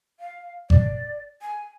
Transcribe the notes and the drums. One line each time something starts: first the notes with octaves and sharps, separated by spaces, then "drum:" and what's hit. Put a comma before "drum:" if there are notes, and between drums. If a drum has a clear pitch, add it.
F5
D5, drum: kick G#1
G#5